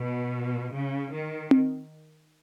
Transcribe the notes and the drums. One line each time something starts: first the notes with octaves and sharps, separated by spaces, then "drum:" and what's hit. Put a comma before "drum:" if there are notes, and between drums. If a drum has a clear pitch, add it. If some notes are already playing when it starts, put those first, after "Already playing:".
Already playing: B2
C#3
D#3
drum: tom C4